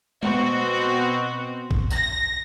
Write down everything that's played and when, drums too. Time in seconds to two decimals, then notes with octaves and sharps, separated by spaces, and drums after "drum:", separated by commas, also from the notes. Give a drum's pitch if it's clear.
0.23 B2 B3 C4 F#4, drum: tom G#3
1.71 drum: kick A1
1.91 A#6, drum: tambourine